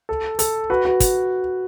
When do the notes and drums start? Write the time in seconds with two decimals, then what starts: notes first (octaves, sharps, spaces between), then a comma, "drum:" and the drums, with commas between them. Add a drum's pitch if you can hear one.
0.09 A4
0.39 A4, drum: hi-hat
0.70 F#4 B4
0.85 F#4 B4
1.00 drum: kick, hi-hat